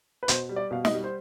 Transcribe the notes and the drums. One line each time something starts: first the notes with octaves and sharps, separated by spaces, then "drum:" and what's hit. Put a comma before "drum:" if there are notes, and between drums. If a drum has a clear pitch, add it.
B4
B2 C5, drum: hi-hat
G3
D5
B2 F5
D#5, drum: snare
G3
C5